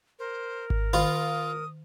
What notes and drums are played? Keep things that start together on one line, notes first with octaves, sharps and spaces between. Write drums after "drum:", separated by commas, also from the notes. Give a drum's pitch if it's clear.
A#4 C5
drum: kick G#1
D#3 F4 D#6